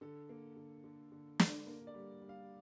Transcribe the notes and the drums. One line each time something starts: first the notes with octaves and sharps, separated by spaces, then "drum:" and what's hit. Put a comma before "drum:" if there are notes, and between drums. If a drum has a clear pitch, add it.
D3 A4
A#3
D3
D3
D3
D3, drum: snare
A#3 A#4
D5
G3
G3
F5